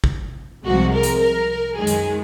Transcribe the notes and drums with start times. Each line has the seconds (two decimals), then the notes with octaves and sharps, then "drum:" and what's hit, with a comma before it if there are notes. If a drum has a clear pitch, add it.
0.04 drum: kick G#1
0.64 C2 C3 F3 G#3 F#4
0.93 A#4
1.03 drum: hi-hat
1.21 A#4
1.76 F#2 D#3 G#3 G#4
1.87 drum: hi-hat